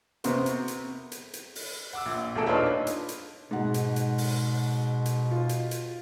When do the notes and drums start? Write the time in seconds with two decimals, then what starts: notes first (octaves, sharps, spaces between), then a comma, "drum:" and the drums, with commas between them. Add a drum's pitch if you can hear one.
0.24 C3 B3 F#4 A#4 C5, drum: hi-hat
0.46 drum: hi-hat
0.68 drum: hi-hat
1.12 drum: hi-hat
1.33 drum: hi-hat
1.55 drum: open hi-hat
1.93 F#5 D6 E6
2.06 A#1
2.35 E1 A#1 A3 G#4 A4 D7
2.46 D4 D#4 F4 A4 B4 C#5
2.87 drum: hi-hat
3.09 drum: hi-hat
3.51 G#2 B2 F#5
3.74 drum: hi-hat
3.96 drum: hi-hat
4.18 drum: open hi-hat
5.06 drum: hi-hat
5.31 F4
5.49 drum: hi-hat
5.71 drum: hi-hat